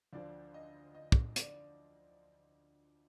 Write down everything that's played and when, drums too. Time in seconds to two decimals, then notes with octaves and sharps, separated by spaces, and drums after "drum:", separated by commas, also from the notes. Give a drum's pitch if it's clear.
0.13 D2 D3 F3 D5
0.54 D#5
0.95 D#5
1.12 drum: kick
1.36 D5, drum: hi-hat